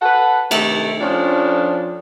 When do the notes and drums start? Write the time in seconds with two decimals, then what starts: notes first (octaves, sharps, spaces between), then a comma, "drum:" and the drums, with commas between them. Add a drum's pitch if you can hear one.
0.02 A4 B4 F#5
0.51 C3 D#3 A3, drum: cymbal
1.01 F2 F3 C#4 D4